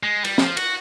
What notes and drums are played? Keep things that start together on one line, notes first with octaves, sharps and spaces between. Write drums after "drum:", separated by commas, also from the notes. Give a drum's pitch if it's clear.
G#3
G3, drum: cymbal
F3, drum: snare
F#4, drum: cymbal